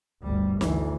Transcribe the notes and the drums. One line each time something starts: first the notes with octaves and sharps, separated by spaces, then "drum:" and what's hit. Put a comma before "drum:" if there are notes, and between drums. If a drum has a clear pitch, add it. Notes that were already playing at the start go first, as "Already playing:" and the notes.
G1 D2 G3
D2 E3, drum: snare